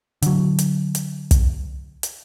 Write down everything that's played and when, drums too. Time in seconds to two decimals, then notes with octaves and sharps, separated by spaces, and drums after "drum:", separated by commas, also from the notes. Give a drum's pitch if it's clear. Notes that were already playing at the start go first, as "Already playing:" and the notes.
0.22 D3 F#3, drum: hi-hat
0.59 drum: hi-hat
0.95 drum: hi-hat
1.31 drum: kick, hi-hat
2.03 drum: hi-hat